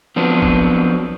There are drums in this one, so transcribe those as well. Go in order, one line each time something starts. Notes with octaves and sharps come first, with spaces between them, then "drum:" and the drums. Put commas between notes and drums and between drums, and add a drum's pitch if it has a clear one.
F3 F#3 B3 C4 D4
drum: kick